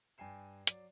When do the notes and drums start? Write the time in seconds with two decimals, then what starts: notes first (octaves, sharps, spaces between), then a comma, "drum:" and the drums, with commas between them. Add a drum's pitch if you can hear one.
0.18 G2 G5 G#5 C7 E7
0.67 F#3 D5, drum: hi-hat